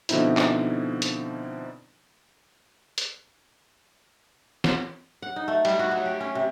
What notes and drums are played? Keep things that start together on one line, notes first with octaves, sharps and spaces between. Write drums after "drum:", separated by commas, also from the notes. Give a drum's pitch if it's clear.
B2 D3 F3 C4 D#4 E4, drum: hi-hat
drum: clap
drum: hi-hat
drum: hi-hat
drum: snare
F#5
D#4
A3
G3, drum: cymbal
F#4
F#3
G4
C#4
C3